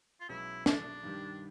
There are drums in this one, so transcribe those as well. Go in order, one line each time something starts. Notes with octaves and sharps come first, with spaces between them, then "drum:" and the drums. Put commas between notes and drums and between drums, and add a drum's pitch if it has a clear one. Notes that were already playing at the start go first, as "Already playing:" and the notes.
F4
B1 B2 G#3 C#4 E4
D4, drum: snare
G2 D#3 G3